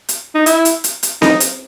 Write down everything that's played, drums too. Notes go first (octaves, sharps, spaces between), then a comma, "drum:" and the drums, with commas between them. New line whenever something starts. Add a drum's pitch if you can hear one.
drum: hi-hat
D#4
E4, drum: hi-hat
drum: hi-hat
drum: hi-hat
drum: hi-hat
D#4, drum: snare C4
drum: hi-hat